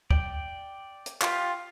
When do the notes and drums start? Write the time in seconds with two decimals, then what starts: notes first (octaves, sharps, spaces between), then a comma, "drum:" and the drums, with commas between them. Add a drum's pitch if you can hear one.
0.11 D5 G5, drum: kick
1.06 drum: hi-hat
1.22 F4 G4, drum: clap